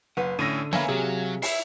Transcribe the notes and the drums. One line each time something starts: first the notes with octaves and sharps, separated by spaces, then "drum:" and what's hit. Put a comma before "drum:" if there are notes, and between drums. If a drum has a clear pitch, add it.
F#1 B4 F#5
A2 D3 C#4 E6 A#6 D#7
A#3 B4 C#5 E5 F5 G#5 A#5, drum: snare
C3 F#3 G#4
E4 E5 C7, drum: open hi-hat